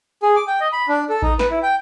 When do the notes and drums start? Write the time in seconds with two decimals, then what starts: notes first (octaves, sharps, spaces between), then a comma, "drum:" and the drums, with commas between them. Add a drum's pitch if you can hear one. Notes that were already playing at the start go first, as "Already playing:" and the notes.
0.23 G#4
0.36 D6
0.47 G5
0.61 D#5
0.73 B5
0.88 D4
1.09 A4
1.22 D#4, drum: kick A1
1.39 B4, drum: snare
1.51 E4
1.63 G5